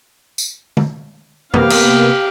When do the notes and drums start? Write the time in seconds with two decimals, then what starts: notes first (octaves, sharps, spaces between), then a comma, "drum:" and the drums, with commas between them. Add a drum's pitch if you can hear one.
0.38 drum: tambourine
0.77 drum: tom
1.54 C3 A#3 B3 G4 F5, drum: tom
1.70 drum: cymbal